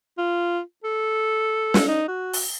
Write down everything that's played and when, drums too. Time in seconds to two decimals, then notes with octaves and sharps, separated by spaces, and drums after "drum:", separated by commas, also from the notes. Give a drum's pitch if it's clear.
0.18 F4
0.84 A4
1.74 drum: snare
1.88 D#4
2.08 F#4
2.33 drum: open hi-hat